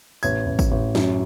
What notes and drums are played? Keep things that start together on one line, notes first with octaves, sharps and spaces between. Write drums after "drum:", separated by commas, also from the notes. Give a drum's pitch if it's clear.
A1 G#6, drum: tambourine
A1
drum: kick, tambourine
A1
F#2, drum: snare